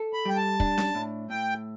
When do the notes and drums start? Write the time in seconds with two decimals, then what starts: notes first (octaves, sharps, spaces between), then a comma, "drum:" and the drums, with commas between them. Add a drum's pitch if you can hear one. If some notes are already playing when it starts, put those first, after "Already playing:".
Already playing: A4
0.13 B5
0.25 G3 G5
0.37 A5
0.60 D4, drum: kick
0.78 drum: snare C#4
0.95 A2
1.30 A2 G5